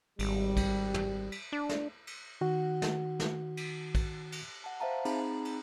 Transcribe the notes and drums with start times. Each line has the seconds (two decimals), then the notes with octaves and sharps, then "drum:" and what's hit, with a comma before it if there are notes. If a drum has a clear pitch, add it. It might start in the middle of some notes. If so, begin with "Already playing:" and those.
0.19 G#1 G3, drum: cymbal
0.57 drum: kick, cymbal
0.94 drum: tom
1.32 drum: cymbal
1.52 D4
1.69 drum: snare
2.07 drum: cymbal
2.41 D#3 F#4 F#5
2.82 drum: snare
3.20 drum: snare
3.57 drum: cymbal
3.95 drum: kick, cymbal
4.32 drum: cymbal
4.64 F#5 A5
4.80 C5 E5 F5 A5 A#5
5.05 C4 D#4 G#4 A#5 B5, drum: cymbal
5.45 drum: cymbal